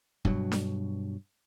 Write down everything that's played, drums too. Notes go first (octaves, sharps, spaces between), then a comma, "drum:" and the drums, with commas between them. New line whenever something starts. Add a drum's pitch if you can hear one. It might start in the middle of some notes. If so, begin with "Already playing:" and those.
G2 B2 F#3, drum: kick
drum: snare D4